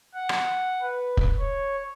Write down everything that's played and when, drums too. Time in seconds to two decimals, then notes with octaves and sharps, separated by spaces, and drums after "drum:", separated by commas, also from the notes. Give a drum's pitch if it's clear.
0.14 F#5
0.29 drum: rim click
0.82 B4
1.17 drum: kick
1.39 C#5